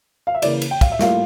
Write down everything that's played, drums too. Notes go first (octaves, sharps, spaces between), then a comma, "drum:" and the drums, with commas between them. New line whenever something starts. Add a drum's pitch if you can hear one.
F5
E5
C#3 E3 A#3 D5, drum: cymbal
drum: cymbal
G5
F5, drum: kick, cymbal
E5
A2 G3 A#3 F4 F5, drum: snare